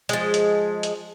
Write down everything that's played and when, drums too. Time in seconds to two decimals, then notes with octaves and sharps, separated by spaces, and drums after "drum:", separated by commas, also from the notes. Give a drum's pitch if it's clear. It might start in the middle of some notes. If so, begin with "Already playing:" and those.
0.09 F3 G#3, drum: hi-hat
0.34 drum: hi-hat
0.83 drum: hi-hat